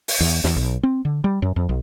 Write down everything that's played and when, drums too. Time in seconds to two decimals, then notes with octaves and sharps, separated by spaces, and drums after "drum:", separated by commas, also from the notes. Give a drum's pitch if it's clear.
0.08 drum: open hi-hat
0.20 E2
0.44 E2, drum: snare
0.56 B1
0.83 C4
1.05 D3
1.24 G3
1.42 F#2
1.56 F2
1.69 B1